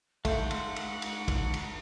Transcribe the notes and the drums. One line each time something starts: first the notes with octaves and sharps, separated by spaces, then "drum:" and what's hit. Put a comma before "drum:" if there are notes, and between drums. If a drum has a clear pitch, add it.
G#3 A3 F5 F#5 C6 G6, drum: kick, cymbal
drum: cymbal
drum: cymbal
drum: cymbal
drum: kick, cymbal
drum: cymbal